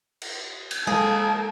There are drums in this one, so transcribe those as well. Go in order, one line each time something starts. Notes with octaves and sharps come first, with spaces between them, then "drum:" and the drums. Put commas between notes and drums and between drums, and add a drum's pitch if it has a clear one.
drum: cymbal
drum: cymbal
G#3 A#3 G#4 A4